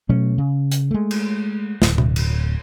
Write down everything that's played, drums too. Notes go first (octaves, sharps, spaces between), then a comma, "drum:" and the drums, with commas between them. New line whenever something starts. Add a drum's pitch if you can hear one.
B2 F#3 A3 C#4
C#3
drum: hi-hat
G#3 A3
drum: cymbal
D1, drum: snare
drum: tom B2
drum: cymbal